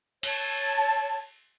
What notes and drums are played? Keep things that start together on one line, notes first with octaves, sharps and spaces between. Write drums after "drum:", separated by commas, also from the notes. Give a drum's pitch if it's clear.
C#5 A5, drum: cymbal